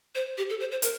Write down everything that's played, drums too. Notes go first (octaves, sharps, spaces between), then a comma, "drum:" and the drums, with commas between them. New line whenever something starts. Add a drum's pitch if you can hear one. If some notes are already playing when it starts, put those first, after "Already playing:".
C5
G4
A4
C5
C5
A#4, drum: hi-hat